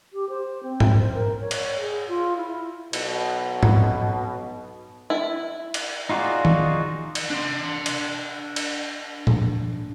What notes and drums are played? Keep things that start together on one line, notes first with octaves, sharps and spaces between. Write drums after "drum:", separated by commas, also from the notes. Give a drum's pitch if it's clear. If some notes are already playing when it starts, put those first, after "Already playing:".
G4
C5
C4
drum: tom G#2
C5
A#4
C#5
drum: cymbal
G#4
F4
E4
B1 B2, drum: cymbal
drum: tom G#2
E4
drum: cymbal
D#4 F4 F#4 G#4 D5
drum: tom D#3
drum: cymbal
D4 C6
drum: cymbal
drum: cymbal
drum: tom A2